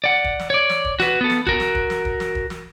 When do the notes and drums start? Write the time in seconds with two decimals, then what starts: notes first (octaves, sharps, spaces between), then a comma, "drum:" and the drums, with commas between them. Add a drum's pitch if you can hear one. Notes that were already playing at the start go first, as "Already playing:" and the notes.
0.04 D5 F#5
0.24 drum: kick
0.39 drum: snare
0.50 C#5 D5
0.70 drum: snare
0.85 drum: kick
1.00 F#4 B4, drum: snare
1.21 B3 A4
1.30 drum: snare
1.47 F#4 A#4, drum: kick
1.60 drum: snare
1.75 drum: kick
1.90 drum: snare
2.05 drum: kick
2.20 drum: snare
2.35 drum: kick
2.50 drum: snare